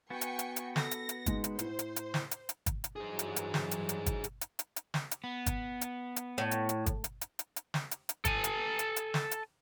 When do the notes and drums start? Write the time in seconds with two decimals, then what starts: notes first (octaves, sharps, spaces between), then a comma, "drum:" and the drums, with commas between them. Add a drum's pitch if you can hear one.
0.10 B3 F#4 G5 G#5 C#6
0.21 drum: hi-hat
0.39 drum: hi-hat
0.56 drum: hi-hat
0.76 A4 A#6, drum: snare
0.91 drum: hi-hat
1.09 drum: hi-hat
1.26 G#3 D#4, drum: kick G1, hi-hat
1.44 drum: hi-hat
1.59 A2 C5, drum: hi-hat
1.79 drum: hi-hat
1.96 drum: hi-hat
2.14 drum: snare
2.31 drum: hi-hat
2.49 drum: hi-hat
2.66 drum: kick G1, hi-hat
2.84 drum: hi-hat
2.96 G2 E3 F#3 G#4 C5
3.19 drum: hi-hat
3.36 drum: hi-hat
3.54 drum: snare
3.71 drum: hi-hat
3.89 drum: hi-hat
4.06 drum: kick G1, hi-hat
4.24 drum: hi-hat
4.41 drum: hi-hat
4.59 drum: hi-hat
4.76 drum: hi-hat
4.94 drum: snare
5.11 drum: hi-hat
5.24 B3
5.46 drum: kick G1, hi-hat
5.81 drum: hi-hat
6.16 drum: hi-hat
6.38 A2
6.51 drum: hi-hat
6.69 drum: hi-hat
6.86 drum: kick G1, hi-hat
7.04 drum: hi-hat
7.21 drum: hi-hat
7.39 drum: hi-hat
7.56 drum: hi-hat
7.74 drum: snare
7.91 drum: hi-hat
8.09 drum: hi-hat
8.25 A4 G#5, drum: kick G1, hi-hat
8.44 drum: hi-hat
8.79 drum: hi-hat
8.96 drum: hi-hat
9.14 drum: snare
9.31 drum: hi-hat